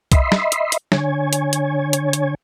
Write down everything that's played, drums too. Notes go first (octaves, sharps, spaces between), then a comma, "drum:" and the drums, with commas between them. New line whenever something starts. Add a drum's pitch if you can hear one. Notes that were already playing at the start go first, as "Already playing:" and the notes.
D#5 E5 B5 C6, drum: kick, hi-hat
drum: snare
drum: hi-hat
drum: hi-hat
D3 C#5 G#5, drum: snare
drum: hi-hat
drum: hi-hat
drum: hi-hat
drum: hi-hat